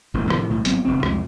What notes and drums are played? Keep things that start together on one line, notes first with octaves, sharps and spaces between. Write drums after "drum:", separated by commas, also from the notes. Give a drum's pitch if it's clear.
E1 A1 E2 A2
A2 C3 D#3 F3, drum: rim click
B1 A2
G#1 F#3 B3 C4, drum: hi-hat
E1 C#2 C#3 C4
C2 F2 G#3, drum: rim click